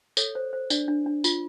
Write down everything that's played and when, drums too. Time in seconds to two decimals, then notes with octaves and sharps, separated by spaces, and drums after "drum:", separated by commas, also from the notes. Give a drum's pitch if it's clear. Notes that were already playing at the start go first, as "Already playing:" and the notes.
0.17 A4 C#5, drum: tambourine
0.35 C5
0.53 C5
0.70 D4 D5, drum: tambourine
0.88 D4
1.06 D4
1.24 F4, drum: tambourine